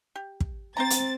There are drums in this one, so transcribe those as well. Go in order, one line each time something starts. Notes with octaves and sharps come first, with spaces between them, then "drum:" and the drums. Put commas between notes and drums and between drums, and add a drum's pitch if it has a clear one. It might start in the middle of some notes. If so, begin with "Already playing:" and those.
G4
drum: kick
C4 C5 G5 A#5 A6
drum: hi-hat